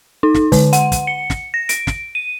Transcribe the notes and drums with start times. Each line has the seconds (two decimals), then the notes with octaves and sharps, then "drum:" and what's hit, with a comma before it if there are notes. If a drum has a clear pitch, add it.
0.23 D#4
0.34 drum: snare
0.52 D3, drum: kick, open hi-hat
0.73 F#5, drum: hi-hat
0.92 drum: kick, hi-hat
1.07 C#7
1.30 drum: snare
1.54 A#6
1.69 D7, drum: hi-hat
1.87 drum: snare
2.15 D#7